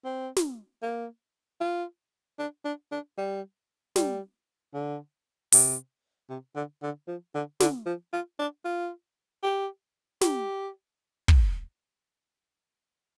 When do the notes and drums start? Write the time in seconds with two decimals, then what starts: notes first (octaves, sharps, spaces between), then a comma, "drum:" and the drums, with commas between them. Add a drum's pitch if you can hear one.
0.05 C4
0.37 drum: snare
0.82 A#3
1.60 F4
2.39 D4
2.65 D4
2.92 D4
3.18 G3
3.96 G3, drum: snare
4.74 D3
5.52 C3, drum: open hi-hat
6.29 C3
6.55 D3
6.83 D3
7.08 F3
7.35 D3
7.60 D3, drum: snare
7.86 F3
8.13 F4
8.39 D4
8.65 F4
9.43 G4
10.21 G4, drum: snare
11.28 drum: kick